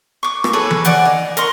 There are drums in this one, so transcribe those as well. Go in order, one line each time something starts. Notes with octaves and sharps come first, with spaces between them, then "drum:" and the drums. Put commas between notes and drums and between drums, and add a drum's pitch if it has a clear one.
C#6 D6
drum: rim click
G#4 A4 B4 C#5
drum: tom E3
D5 F#5 G#5, drum: hi-hat
D#4
A#4 C6 C#6, drum: hi-hat